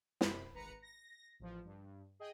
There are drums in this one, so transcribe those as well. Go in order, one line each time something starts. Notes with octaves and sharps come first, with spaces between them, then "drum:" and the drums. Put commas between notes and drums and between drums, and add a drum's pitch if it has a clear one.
F#2 C3 C5 B5, drum: snare
G#1 B4 A#5 C#7
A#6
A1 F3
G2
G#4 D#5 G5